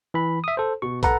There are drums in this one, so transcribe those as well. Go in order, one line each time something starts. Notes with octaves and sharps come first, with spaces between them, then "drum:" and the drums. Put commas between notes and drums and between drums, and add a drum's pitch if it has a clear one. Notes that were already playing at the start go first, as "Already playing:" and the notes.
E3 B5
E5 D#6
A4 C5
B2 C#6
A4 B4 F#5 A#5, drum: kick, hi-hat